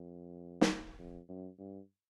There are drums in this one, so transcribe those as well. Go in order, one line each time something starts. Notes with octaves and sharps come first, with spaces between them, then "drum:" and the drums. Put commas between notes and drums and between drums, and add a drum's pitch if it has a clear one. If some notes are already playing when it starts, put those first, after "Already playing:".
Already playing: F2
drum: snare
F2
F#2
G2